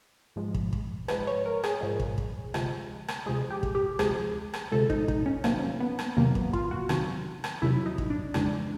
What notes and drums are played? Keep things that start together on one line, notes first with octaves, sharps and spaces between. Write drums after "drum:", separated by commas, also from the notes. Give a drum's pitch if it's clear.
G#2 F3 G#3
drum: kick
drum: kick
G#2 F3 G#3 B4, drum: rim click
C#5
A#4
G#4, drum: rim click
G#2 F3 G#3
drum: kick
drum: kick
D2 C3 F3 G#3, drum: rim click
drum: rim click
D2 C3 F3 G#3 G#4
G4
drum: kick
G4
D2 C3 F3 G#3 G#4, drum: rim click
drum: rim click
D2 C3 F3 G#3 A4
D#4, drum: kick
D#4, drum: kick
C#4
E2 C3 D#3 F#3 A#3, drum: rim click
B3
drum: rim click
E2 C3 D#3 F#3 A#3
B3, drum: kick
F4, drum: kick
F#4
E2 C3 D#3 F#3, drum: rim click
drum: rim click
E2 C3 D#3 F#3 E4
D#4
drum: kick
D4
F2 C#3 E3 G#3 D4, drum: rim click